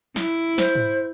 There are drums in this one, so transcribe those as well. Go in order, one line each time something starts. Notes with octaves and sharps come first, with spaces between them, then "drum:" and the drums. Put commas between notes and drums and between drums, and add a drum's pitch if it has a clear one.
E4, drum: snare
C5, drum: snare
drum: tom G#2